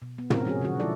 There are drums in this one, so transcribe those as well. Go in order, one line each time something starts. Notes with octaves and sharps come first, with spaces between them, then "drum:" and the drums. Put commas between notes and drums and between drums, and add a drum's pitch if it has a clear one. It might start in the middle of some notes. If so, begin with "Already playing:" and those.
B2
B3
C3 G#3 C4 C#4 F#4 A#4, drum: tom
F3 C#4 F#4 G#4
B2 D3 F#3 F#4
F3 G#3 E4 F4 A4 D5